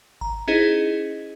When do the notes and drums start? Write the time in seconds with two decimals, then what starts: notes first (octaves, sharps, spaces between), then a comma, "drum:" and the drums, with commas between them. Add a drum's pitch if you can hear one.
0.21 A#5, drum: kick G#1
0.48 C#4 D#4 E4 G#4 C5 D#5